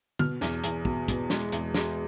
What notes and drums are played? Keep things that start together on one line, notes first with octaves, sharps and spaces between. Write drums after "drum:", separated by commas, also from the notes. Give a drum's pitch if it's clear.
B2 F6, drum: tom D3
E2, drum: snare
E2, drum: hi-hat
B2, drum: kick
B2, drum: kick, hi-hat
G#3, drum: snare
E2, drum: hi-hat
G#3, drum: snare